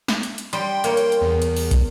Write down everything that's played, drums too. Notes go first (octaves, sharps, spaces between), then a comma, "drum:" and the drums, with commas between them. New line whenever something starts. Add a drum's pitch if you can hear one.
drum: snare
drum: hi-hat
drum: hi-hat
G3 G5 C6, drum: hi-hat
A#3 C#5, drum: hi-hat
drum: hi-hat
drum: hi-hat
E2
drum: hi-hat
drum: open hi-hat
drum: kick, hi-hat